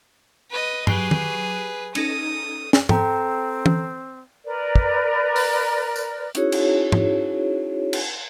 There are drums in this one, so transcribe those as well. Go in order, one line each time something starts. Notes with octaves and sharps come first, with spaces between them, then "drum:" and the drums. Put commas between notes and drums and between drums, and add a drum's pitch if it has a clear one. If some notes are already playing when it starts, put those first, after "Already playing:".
B4 D#5
F#3 G4 G#4 B4 C7, drum: tom G2
drum: tom D#3
C#4 D#4 A4 D#6, drum: cymbal
drum: snare
C4 A4 G5 A#5, drum: tom G#2
drum: tom
A#4 B4 D5
drum: kick
drum: open hi-hat
drum: tambourine
C#4 D#4 E4 F#4 G#4 C#5, drum: hi-hat
drum: cymbal
drum: tom G#2
drum: cymbal